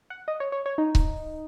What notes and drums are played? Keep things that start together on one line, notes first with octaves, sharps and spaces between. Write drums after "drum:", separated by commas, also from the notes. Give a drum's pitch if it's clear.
F#5
D#5
C#5
C#5
C#5
D#4
drum: kick C#1